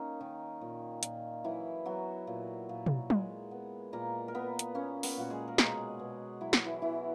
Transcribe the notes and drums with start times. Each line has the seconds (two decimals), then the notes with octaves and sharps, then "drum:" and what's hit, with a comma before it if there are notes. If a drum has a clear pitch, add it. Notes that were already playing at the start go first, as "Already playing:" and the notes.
Already playing: A#3 C#4 D#4
0.20 D#3
0.61 A#2
1.03 A#2, drum: hi-hat
1.44 E3 F#3 E4
1.85 F#3 B3 F#4
2.27 A#2
2.69 A#2
2.86 drum: tom B2
3.10 G#3, drum: tom F#3
3.51 B3
3.93 A#2 A#3 A#4
4.28 A#4
4.34 A#3 B3 B4
4.59 drum: hi-hat
4.75 A#3 C#4 C#5
5.03 B3 B4, drum: open hi-hat
5.17 A#2 F#4
5.30 G#3 G#4
5.48 A#4
5.58 B2 G#3 G#4, drum: snare
5.99 B2
6.41 F#3 E4
6.53 F#4, drum: snare
6.65 E3 E4
6.82 E3 B3 E4